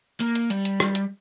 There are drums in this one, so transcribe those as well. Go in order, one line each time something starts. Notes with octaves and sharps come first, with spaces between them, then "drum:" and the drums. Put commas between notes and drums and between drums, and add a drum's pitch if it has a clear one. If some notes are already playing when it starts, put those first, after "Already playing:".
A#3, drum: hi-hat
drum: hi-hat
G3, drum: hi-hat
drum: hi-hat
drum: rim click
drum: hi-hat